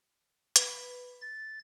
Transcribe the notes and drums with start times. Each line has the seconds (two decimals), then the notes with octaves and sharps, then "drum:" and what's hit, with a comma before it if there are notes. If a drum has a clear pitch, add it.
0.56 B4, drum: hi-hat
1.21 A6